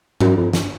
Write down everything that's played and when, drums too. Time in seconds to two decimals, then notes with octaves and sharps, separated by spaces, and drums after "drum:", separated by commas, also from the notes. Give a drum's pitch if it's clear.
0.20 F#2, drum: tom G2
0.37 F2
0.53 drum: snare